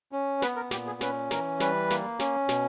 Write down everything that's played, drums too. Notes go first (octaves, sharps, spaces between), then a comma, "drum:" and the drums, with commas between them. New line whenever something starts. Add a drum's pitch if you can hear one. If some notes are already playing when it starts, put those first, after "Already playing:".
C#4
B3 B4, drum: snare
A#4
A#2 G4, drum: snare
G#4
C#4 B4, drum: snare
E3 A#4, drum: snare
G3 B4, drum: snare
A#3, drum: snare
C#4, drum: snare
B2, drum: snare